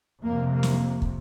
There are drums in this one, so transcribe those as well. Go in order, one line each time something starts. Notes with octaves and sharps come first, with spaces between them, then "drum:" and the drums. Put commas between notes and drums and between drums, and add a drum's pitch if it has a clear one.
F2 C3 A#3
A#3
drum: snare
drum: kick